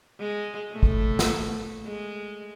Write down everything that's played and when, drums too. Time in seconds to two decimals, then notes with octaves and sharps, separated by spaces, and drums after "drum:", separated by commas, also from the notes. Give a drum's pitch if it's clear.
0.20 G#3
0.72 A2 A3
0.83 drum: kick G#1
1.19 drum: snare
1.86 G#3